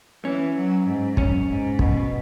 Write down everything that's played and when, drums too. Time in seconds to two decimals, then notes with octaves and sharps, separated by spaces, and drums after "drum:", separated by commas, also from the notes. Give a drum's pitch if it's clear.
0.25 E3 C#4
0.55 F#3
0.86 G#2
1.17 F#2 C#4, drum: kick
1.48 G#2
1.79 B2, drum: kick